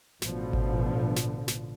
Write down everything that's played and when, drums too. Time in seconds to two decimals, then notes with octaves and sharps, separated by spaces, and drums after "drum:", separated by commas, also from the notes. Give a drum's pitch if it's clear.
0.22 A1 B2 D3 F3, drum: snare
0.53 drum: kick G#1
1.16 drum: snare
1.48 drum: snare